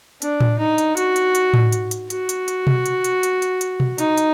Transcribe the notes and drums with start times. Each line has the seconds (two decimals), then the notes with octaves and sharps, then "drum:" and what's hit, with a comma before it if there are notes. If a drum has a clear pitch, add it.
0.22 D4, drum: hi-hat
0.40 drum: tom A2
0.59 D#4
0.78 drum: hi-hat
0.97 F#4, drum: hi-hat
1.16 drum: hi-hat
1.35 drum: hi-hat
1.54 drum: tom A2
1.72 drum: hi-hat
1.91 drum: hi-hat
2.10 F#4, drum: hi-hat
2.29 drum: hi-hat
2.48 drum: hi-hat
2.67 drum: tom B2
2.86 drum: hi-hat
3.04 drum: hi-hat
3.23 drum: hi-hat
3.42 drum: hi-hat
3.61 drum: hi-hat
3.80 drum: tom B2
3.98 D#4, drum: hi-hat
4.18 drum: hi-hat